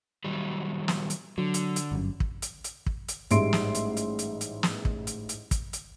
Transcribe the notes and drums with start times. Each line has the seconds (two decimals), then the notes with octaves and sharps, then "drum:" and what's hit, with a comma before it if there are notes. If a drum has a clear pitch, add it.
0.24 D#3 F#3 G3
0.88 drum: snare
1.10 drum: hi-hat
1.38 D3 F#3
1.54 drum: hi-hat
1.76 drum: hi-hat
1.92 G1 F#2
2.20 drum: kick
2.42 drum: hi-hat
2.64 drum: hi-hat
2.86 drum: kick
3.09 drum: hi-hat
3.31 A1 G#2 G3 E5 C6 D7, drum: hi-hat
3.53 drum: snare
3.75 drum: hi-hat
3.97 drum: hi-hat
4.19 drum: hi-hat
4.41 drum: hi-hat
4.63 drum: snare
4.85 drum: kick
5.07 drum: hi-hat
5.29 drum: hi-hat
5.51 drum: kick, hi-hat
5.73 drum: hi-hat